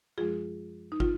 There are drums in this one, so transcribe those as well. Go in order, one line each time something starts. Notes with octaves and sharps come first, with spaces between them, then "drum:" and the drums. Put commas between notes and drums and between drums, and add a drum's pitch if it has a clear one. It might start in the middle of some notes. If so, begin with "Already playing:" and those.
F#2 F3 G#3 F4 G#4
D#4
F4, drum: kick